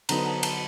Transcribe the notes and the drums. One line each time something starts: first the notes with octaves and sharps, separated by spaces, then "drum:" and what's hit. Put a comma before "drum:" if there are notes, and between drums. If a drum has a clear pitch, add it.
D3 F#3 B3 D#4 A#5, drum: cymbal
A5
A5, drum: cymbal